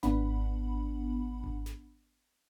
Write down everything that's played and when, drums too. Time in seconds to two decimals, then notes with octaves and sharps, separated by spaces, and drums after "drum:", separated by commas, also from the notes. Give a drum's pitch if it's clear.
0.03 G#1 B3 D4 F#5 B5, drum: snare
1.44 drum: kick G#1
1.66 drum: snare